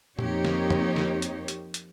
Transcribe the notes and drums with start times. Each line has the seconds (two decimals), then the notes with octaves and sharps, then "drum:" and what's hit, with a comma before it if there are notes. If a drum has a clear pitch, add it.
0.19 F2 A#3 C4 D#4 G4 C#5, drum: tom
0.45 drum: snare
0.70 drum: tom F2
0.96 drum: snare
1.22 drum: hi-hat
1.48 drum: hi-hat
1.74 drum: hi-hat